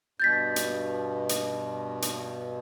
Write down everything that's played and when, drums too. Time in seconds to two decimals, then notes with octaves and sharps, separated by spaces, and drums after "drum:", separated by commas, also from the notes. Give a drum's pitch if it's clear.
0.20 G2 B2 G6 A6 B6
0.56 drum: hi-hat
1.29 drum: hi-hat
2.02 drum: hi-hat